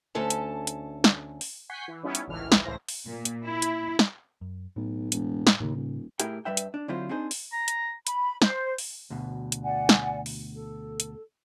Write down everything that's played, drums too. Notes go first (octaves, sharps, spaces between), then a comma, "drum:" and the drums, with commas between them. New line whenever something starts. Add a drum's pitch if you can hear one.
D2 C#4 A4 A5
drum: hi-hat
drum: hi-hat
drum: snare
drum: open hi-hat
F#5 G#5 C#6 G6 B6 C7
E3
G3 B3 C#4 D#4 E4
drum: hi-hat
G#1 C#2 A2 E3 F6
drum: snare
C#2 A2 E3 E4 C5 A#6
drum: open hi-hat
A#2
drum: hi-hat
E4
drum: hi-hat
drum: snare
F#2
B1 A2
E1, drum: hi-hat
drum: snare
D#2 A2 C#3
D#1
A2 E4 G4 G#4 A#4 G5, drum: hi-hat
G2 G3 B4 E5 G5
drum: hi-hat
D4
D3 F#3 C4 E4 F4 C5
C4 D4 D#4 G#4 C5
drum: open hi-hat
A#5
drum: hi-hat
B5, drum: hi-hat
C5, drum: snare
drum: open hi-hat
D2 B2
drum: hi-hat
D5 F#5 G#5
drum: snare
drum: open hi-hat
A4
drum: hi-hat